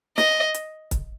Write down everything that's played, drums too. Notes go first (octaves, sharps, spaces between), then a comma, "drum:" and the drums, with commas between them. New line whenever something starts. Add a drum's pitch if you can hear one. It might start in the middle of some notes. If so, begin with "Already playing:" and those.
D#5, drum: snare
drum: hi-hat
drum: kick, hi-hat